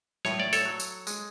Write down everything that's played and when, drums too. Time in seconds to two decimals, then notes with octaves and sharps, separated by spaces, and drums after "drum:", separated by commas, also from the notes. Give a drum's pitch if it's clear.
0.25 A2 C#5, drum: rim click
0.40 D5
0.53 A4 C#5, drum: tambourine
0.65 F#3
0.80 drum: tambourine
1.07 G#3, drum: tambourine